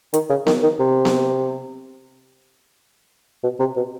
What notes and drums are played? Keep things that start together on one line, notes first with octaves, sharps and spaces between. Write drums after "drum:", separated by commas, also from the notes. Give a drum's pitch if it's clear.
D#3, drum: hi-hat
C#3
D#3, drum: snare B3
D#3
C3
drum: snare B3
B2
C3
B2